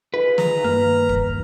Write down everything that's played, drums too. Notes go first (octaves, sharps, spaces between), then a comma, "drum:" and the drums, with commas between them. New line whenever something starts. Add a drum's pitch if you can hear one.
D#4 F4 G#4 B4
A#5, drum: snare
G2 D#3 A#3 F6
drum: kick